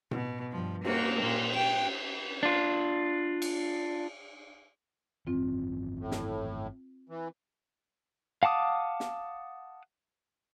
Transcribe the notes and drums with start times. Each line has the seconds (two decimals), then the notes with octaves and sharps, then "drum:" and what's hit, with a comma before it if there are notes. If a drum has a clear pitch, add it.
0.11 B2, drum: tom A2
0.52 G2 F3
0.84 A#3 F#4, drum: cymbal
1.20 A#2 A#3
1.55 G5
2.43 D4 F4
3.42 drum: cymbal
5.27 G#1 F#2 E3 C4 F4
5.99 A2
6.11 drum: snare
7.09 E3
8.43 F5 F#5 A5 D6 D#6
9.00 drum: snare